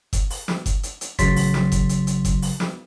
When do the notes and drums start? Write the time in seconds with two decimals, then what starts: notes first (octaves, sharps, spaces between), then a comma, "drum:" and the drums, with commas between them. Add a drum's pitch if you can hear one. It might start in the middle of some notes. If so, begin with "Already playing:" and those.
0.13 drum: kick F#1, hi-hat
0.30 drum: open hi-hat
0.48 drum: snare
0.66 drum: kick F#1, hi-hat
0.83 drum: hi-hat
1.01 drum: hi-hat
1.19 A1 C#3 F#3 C6 A6 B6, drum: kick F#1, hi-hat
1.36 drum: open hi-hat
1.54 drum: snare
1.72 drum: kick F#1, hi-hat
1.89 drum: hi-hat
2.07 drum: hi-hat
2.25 drum: kick F#1, hi-hat
2.42 drum: open hi-hat
2.60 drum: snare